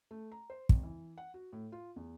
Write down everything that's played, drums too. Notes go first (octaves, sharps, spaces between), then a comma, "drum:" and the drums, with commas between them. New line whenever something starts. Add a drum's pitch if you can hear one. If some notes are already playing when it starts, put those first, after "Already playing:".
A3
A#5
C5
G#1, drum: kick
E3
F#5
F#4
A2
F4
E2